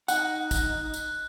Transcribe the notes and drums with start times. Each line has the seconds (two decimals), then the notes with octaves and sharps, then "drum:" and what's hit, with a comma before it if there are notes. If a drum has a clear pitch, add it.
0.08 D#4 F#5 F#6, drum: tambourine
0.51 drum: kick, tambourine
0.94 drum: tambourine